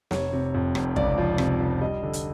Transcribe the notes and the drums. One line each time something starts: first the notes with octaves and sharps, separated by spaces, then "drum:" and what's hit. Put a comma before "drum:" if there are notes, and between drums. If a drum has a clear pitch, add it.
F1 C#5, drum: snare
C3
F2
F1, drum: rim click
C#2 D5, drum: kick
F3
C3, drum: rim click
C#2
G3 D#5
D3
drum: hi-hat